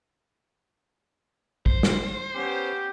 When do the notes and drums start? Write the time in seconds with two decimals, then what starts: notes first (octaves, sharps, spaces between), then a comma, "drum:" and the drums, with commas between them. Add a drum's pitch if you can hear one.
1.66 C5, drum: kick
1.83 drum: snare
2.35 B3 C#4 G4